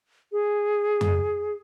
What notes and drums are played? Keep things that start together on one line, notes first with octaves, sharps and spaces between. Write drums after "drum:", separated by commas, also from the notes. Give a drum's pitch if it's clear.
G#4
drum: tom F2